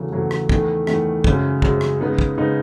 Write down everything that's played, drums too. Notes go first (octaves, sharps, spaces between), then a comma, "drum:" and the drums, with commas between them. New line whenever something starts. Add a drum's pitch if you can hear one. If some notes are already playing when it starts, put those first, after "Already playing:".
Already playing: E2 C#3 F#3 A3
E2 C#3 F#3 A3
drum: rim click
E2 D#3 A3, drum: kick
E2 D#3 A3, drum: rim click
F#2 C#3 G#3, drum: kick
F#2 C#3 G#3, drum: kick
drum: rim click
C#3 G#3 B3 D#4
drum: kick
C#3 G#3 B3 D#4